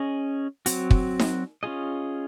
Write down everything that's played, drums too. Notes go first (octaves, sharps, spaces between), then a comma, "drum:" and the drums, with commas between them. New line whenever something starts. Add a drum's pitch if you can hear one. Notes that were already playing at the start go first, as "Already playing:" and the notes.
Already playing: C#4 G#4 D#5
F#3 C4 F#4, drum: hi-hat
drum: kick
drum: snare D#4
C#4 F4 G#4 D#5